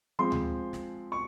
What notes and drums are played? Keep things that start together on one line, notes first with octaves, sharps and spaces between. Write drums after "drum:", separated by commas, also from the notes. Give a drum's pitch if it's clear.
F3 G#3 C4 C6
drum: tom D2
drum: snare
C#6